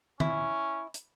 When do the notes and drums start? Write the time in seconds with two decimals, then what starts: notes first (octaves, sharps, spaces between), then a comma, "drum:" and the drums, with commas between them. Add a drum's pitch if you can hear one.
0.20 C#4 E4, drum: tom D#3
0.94 drum: hi-hat